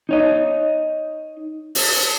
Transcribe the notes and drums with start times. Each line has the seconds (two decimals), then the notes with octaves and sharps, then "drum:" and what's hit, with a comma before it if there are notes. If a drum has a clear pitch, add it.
0.09 D#4 C#5 D#5
1.75 drum: open hi-hat